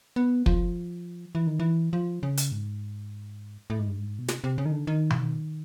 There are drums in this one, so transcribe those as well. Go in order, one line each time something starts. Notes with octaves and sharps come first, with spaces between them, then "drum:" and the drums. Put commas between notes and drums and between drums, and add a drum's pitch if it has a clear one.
B3
F3, drum: kick
E3
D#3
E3
F3
C#3
drum: hi-hat
G#2
A2
G#2
G2
G#2
B2
C3, drum: snare
C3
C#3
D#3
D3
D#3
E3, drum: tom B2
D#3